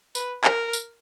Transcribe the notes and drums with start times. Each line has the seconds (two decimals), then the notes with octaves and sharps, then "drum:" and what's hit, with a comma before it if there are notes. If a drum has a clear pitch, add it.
0.15 B4, drum: tambourine
0.44 A#4, drum: clap
0.73 drum: tambourine